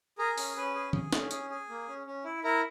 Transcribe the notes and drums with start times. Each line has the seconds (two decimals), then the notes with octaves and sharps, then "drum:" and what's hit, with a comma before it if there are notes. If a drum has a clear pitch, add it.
0.18 G#4 A#4
0.38 C#4, drum: open hi-hat
0.56 C#4 B4
0.75 G#4
0.93 G#4, drum: tom D#3
1.13 C#4, drum: snare
1.31 G#4, drum: hi-hat
1.50 G#4
1.69 A#3
1.88 C#4
2.07 C#4
2.25 E4
2.44 E4 A#4